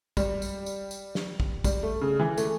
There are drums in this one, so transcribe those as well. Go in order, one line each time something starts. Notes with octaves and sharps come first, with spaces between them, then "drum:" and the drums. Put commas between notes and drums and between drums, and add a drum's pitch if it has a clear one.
G3, drum: kick, tambourine
drum: tambourine
drum: tambourine
drum: tambourine
drum: snare
drum: kick
G3, drum: kick, tambourine
A3
C#3
E3
A3, drum: tambourine